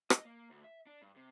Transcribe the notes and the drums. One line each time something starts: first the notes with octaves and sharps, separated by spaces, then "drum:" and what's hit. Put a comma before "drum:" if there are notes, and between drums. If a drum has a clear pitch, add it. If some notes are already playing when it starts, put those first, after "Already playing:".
D#5, drum: rim click
A#3
D2
E5
D4
G2
C3